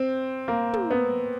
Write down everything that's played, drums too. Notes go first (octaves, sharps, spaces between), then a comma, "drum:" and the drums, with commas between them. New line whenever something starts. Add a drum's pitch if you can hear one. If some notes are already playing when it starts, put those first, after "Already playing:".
Already playing: C4
A#3
drum: tom
B3